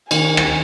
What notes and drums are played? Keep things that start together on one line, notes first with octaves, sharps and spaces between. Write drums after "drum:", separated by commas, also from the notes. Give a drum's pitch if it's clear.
D#3 G#5, drum: cymbal
drum: rim click